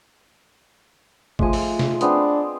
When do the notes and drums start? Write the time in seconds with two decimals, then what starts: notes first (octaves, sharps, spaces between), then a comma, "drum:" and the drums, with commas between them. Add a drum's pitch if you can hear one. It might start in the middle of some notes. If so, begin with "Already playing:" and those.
1.39 F3 G#3 A3 G#5, drum: kick G#1
1.53 drum: open hi-hat
1.79 drum: snare
2.01 B3 C4 D4 G#4, drum: hi-hat